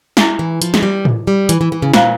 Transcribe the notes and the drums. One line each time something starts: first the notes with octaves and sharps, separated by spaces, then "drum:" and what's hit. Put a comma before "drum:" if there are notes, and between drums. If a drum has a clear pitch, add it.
E4 G#4 E5 G#5, drum: snare
E3
F3, drum: hi-hat
G#3, drum: snare
G3
drum: tom A2
G3
E3, drum: hi-hat
E3
E3
C#3
A#2 F4 C5 F5 A#5, drum: snare